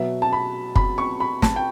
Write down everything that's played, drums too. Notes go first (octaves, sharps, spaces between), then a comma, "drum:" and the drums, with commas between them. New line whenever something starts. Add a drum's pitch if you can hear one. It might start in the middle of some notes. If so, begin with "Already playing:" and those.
Already playing: B2 F#3 B3 E5
A5
B5
B5, drum: kick
C#6
B5
A5, drum: snare
G5